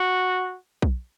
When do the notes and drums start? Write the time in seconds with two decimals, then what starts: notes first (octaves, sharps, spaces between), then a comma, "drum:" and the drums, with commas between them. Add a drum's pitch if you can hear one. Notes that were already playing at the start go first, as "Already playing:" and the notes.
Already playing: F#4
0.82 drum: kick B1